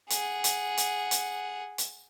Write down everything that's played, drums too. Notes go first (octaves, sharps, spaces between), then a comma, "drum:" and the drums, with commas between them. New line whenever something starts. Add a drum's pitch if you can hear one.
G#4 F#5, drum: hi-hat
drum: hi-hat
drum: hi-hat
drum: hi-hat
drum: hi-hat